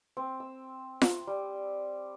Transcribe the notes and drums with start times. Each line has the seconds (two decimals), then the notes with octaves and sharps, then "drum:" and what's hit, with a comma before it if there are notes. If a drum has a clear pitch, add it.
0.17 C4
0.40 E6
1.02 drum: snare F4
1.27 G3